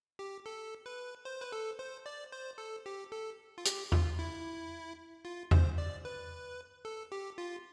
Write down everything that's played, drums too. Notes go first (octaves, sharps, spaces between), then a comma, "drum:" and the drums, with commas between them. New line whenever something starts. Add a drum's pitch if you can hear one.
G4
A4
B4
C5
B4
A4
C5
D5
C5
A4
G4
A4
F4
G4, drum: hi-hat
F4, drum: tom E2
E4
F4
C5, drum: tom E2
D5
B4
A4
G4
F4